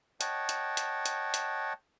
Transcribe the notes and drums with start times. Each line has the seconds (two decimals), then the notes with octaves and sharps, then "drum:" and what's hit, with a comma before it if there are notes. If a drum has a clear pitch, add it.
0.21 C#5 D#5 F#5 G5 A5, drum: hi-hat
0.49 drum: hi-hat
0.77 drum: hi-hat
1.05 drum: hi-hat
1.34 drum: hi-hat